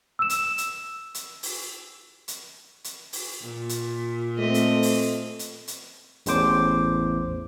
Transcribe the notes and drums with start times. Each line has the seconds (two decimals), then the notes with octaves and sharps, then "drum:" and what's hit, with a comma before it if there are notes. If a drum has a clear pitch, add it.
0.19 E6 E7
0.30 drum: hi-hat
0.58 drum: hi-hat
1.14 drum: hi-hat
1.43 drum: open hi-hat
2.28 drum: hi-hat
2.84 drum: hi-hat
3.13 drum: open hi-hat
3.41 A#2
3.69 drum: hi-hat
4.39 A3 C4 D#5
4.54 drum: hi-hat
4.83 drum: open hi-hat
5.39 drum: hi-hat
5.68 drum: hi-hat
6.26 A1 E2 A2 C5 D6, drum: hi-hat